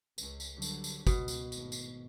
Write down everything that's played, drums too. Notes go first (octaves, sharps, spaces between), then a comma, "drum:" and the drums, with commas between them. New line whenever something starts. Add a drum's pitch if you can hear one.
C#2, drum: tambourine
drum: tambourine
D3 F#3 G3
drum: tambourine
drum: tambourine
C#2 B2, drum: kick G1, tambourine
drum: tambourine
G#1 A2, drum: tambourine
drum: tambourine